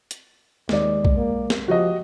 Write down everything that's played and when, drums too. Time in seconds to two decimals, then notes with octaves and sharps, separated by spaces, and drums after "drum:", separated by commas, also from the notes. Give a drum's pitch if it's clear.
0.11 drum: hi-hat
0.69 D#2 G#3 D5, drum: snare
1.05 drum: kick
1.17 A#3
1.50 drum: snare
1.68 F3 F#4 G4 D#5